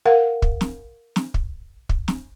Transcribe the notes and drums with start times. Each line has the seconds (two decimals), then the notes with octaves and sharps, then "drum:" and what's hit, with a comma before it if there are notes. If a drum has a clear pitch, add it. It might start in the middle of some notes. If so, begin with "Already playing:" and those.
0.06 A#4 F5 F#5
0.42 drum: kick
0.61 drum: snare
1.16 drum: snare
1.34 drum: kick
1.89 drum: kick
2.08 drum: snare